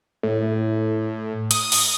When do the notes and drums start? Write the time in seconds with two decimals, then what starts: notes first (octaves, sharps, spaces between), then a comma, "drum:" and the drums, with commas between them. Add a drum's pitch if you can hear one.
0.23 A2
1.51 D#6, drum: hi-hat
1.72 drum: open hi-hat